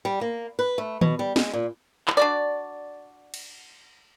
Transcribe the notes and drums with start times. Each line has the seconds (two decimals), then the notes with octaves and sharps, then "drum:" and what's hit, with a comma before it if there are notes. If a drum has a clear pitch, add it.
0.05 G3
0.21 A#3
0.59 B4
0.78 A3
1.01 B2, drum: tom D#3
1.19 G3
1.36 G#3, drum: snare
1.53 A#2
2.08 drum: clap
2.17 D4 F#4 D5
3.34 drum: cymbal